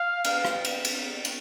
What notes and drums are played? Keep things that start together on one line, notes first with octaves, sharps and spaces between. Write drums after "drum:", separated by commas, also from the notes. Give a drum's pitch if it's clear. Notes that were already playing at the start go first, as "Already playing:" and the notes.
Already playing: F5
drum: cymbal
drum: rim click
drum: cymbal
drum: cymbal
drum: cymbal